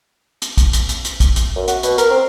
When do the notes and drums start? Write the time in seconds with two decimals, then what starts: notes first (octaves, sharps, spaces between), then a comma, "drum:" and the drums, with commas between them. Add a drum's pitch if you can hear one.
0.42 drum: hi-hat
0.57 drum: kick, hi-hat
0.73 drum: hi-hat
0.89 drum: hi-hat
1.05 drum: hi-hat
1.20 drum: kick, hi-hat
1.36 drum: hi-hat
1.55 F#2
1.68 F#4, drum: hi-hat
1.83 B2, drum: hi-hat
1.98 A#4, drum: hi-hat
2.10 C4